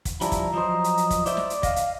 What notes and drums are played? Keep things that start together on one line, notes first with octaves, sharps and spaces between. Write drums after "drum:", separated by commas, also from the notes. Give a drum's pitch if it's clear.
drum: kick, hi-hat
F3 G3 D4 E4 A#5, drum: hi-hat
drum: kick, hi-hat
F3 F#3 C5 D#5
drum: hi-hat
drum: hi-hat
drum: kick, hi-hat
E4 C5 D5 E5, drum: hi-hat
drum: snare
drum: hi-hat
D#5 F5, drum: kick, hi-hat
drum: hi-hat